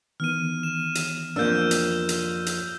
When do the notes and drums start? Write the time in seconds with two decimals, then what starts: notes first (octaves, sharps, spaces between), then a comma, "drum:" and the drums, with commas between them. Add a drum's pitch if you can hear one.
0.20 D#3 E3 B3 F6 D#7
0.63 E7
0.95 drum: hi-hat
1.36 F2 A#3 D4 E6 G6
1.71 drum: hi-hat
2.09 drum: hi-hat
2.46 drum: hi-hat